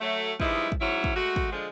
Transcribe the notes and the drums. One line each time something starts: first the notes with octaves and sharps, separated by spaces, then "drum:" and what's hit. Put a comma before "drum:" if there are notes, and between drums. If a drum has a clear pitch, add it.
F#3 A3
G2 F3 G#3 D#4 E4, drum: kick
drum: kick
G#2 F#3 C#4 E4
drum: kick
G#3 A3 F#4
drum: kick
D3 F3 G#3